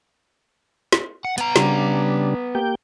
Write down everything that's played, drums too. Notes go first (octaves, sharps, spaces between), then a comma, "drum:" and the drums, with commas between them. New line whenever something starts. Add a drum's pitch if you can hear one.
drum: snare
F#5
B3 A#5, drum: hi-hat
C#3 G3 D4, drum: snare
A#3 G4 G5